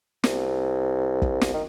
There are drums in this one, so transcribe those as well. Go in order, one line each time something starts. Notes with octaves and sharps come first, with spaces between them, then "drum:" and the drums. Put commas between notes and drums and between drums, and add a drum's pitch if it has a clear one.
C2, drum: snare
drum: kick
drum: snare
D#3